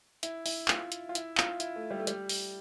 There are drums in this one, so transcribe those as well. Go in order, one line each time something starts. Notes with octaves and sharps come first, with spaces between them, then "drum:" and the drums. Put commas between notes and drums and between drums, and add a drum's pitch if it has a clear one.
E4, drum: hi-hat
E4, drum: open hi-hat
F4, drum: clap
drum: hi-hat
F4
E4, drum: hi-hat
F4, drum: clap
E4, drum: hi-hat
A3
G3
A3
G3, drum: hi-hat
drum: open hi-hat